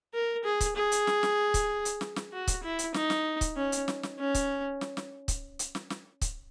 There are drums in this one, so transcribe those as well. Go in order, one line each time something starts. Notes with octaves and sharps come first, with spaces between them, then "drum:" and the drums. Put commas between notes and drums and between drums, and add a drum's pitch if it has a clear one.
A#4
G#4
drum: kick C#1, hi-hat
G#4
drum: hi-hat
drum: snare
drum: snare
drum: kick C#1, hi-hat
drum: hi-hat
drum: snare
drum: snare
F#4
drum: kick C#1, hi-hat
E4
drum: hi-hat
D#4, drum: snare
drum: snare
drum: kick C#1, hi-hat
C#4
drum: hi-hat
drum: snare
drum: snare
C#4
drum: kick C#1, hi-hat
drum: snare
drum: snare
drum: kick C#1, hi-hat
drum: hi-hat
drum: snare
drum: snare
drum: kick C#1, hi-hat